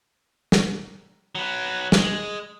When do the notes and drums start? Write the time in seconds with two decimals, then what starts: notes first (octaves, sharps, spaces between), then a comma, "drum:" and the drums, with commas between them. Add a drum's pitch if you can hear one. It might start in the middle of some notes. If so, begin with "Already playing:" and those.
0.52 drum: snare
1.35 F#3 B4
1.92 G#3, drum: snare